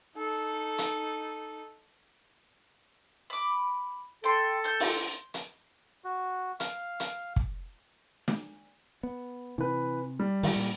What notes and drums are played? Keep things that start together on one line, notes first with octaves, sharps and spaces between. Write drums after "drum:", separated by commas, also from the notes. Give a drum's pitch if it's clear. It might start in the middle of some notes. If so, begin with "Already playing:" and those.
D#4 A4
drum: hi-hat
B5 D6
A4 G5 C6
C6 G6
drum: open hi-hat
drum: hi-hat
F#4
F5, drum: hi-hat
drum: hi-hat
drum: kick
drum: snare
B3
C3 E3 B4
G3
D#3 E3 G#3, drum: open hi-hat
A#2